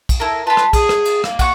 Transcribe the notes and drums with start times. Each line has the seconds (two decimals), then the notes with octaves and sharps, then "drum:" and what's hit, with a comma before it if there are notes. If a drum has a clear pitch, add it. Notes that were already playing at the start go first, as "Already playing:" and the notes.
0.09 drum: kick, cymbal
0.20 E4 A4 A#4
0.47 F4 B4 A5 B5
0.57 drum: rim click
0.73 G#4 D#6, drum: kick, cymbal
0.89 drum: rim click
1.05 drum: cymbal
1.24 A#3, drum: rim click
1.39 F#5 C#6, drum: kick, cymbal